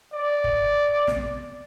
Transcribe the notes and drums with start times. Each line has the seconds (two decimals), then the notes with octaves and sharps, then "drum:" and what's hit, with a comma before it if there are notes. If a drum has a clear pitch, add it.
0.12 D5
0.44 drum: kick
1.07 drum: snare